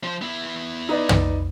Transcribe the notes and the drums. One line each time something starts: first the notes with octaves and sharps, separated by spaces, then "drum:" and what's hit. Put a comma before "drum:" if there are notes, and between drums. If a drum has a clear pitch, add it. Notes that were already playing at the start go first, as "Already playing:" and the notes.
F3 C5
B3 E4
D#4 B4 D5
drum: tom